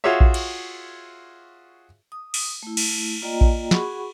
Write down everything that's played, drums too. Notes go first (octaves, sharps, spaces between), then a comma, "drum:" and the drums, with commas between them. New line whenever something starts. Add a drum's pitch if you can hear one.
F4 F#4 G#4 C#5 E5
drum: kick A#1
drum: cymbal
D#6
drum: open hi-hat
A3 E4
drum: cymbal
A#3 F4 D5 D#5 G5 A#5
drum: kick A#1
F#4 G#4 F#5 B5 C#6, drum: snare